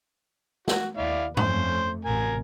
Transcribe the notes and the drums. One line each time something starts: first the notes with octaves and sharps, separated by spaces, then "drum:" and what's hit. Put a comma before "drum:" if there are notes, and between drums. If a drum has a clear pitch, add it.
F#4, drum: snare
D#2 E4 D5 F5
F2 A3 C#4 C5, drum: tom G2
A1 C3 A#4 G#5